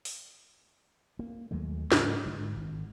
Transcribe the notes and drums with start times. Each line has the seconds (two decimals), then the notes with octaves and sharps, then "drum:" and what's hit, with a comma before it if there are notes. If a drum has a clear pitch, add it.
0.05 drum: open hi-hat
1.19 A#3
1.51 D#2 F#3 G#3 A3
1.92 G#2 C#3 F#3, drum: snare
2.26 G#2 D3 G#3
2.56 G#1